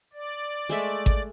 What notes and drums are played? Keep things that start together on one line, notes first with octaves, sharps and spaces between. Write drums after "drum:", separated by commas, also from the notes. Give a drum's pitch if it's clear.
D5
G#3 A3 E5
drum: kick G#1